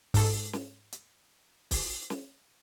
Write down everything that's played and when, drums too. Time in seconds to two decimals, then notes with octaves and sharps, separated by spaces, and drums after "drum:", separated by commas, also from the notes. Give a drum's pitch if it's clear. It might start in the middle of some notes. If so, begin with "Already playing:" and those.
0.14 G#2 A4, drum: kick, open hi-hat
0.53 drum: snare
0.93 drum: hi-hat
1.71 drum: kick, open hi-hat
2.10 drum: snare